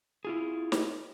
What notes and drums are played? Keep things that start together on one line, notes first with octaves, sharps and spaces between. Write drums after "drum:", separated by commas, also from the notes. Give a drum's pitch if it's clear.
E4 F4 G#4
drum: snare